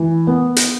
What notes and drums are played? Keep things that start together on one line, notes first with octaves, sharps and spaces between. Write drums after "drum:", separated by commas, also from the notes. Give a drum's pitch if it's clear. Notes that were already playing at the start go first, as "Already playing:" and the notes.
Already playing: E3
B3
drum: hi-hat